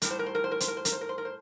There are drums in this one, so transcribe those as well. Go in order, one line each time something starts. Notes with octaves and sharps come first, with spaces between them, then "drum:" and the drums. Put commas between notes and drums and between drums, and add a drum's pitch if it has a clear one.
A2 G3 A#4, drum: hi-hat
C5
A#4
C5
A#4
C5
A#4
C5, drum: hi-hat
A#4
C5
A#4, drum: hi-hat
C5
A#4
C5
A#4
C5